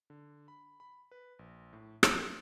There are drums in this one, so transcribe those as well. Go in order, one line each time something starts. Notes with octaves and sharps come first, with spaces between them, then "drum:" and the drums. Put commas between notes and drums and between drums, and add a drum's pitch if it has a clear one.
D3
B5
B5
B4
A#1
A2
A#4, drum: rim click
A3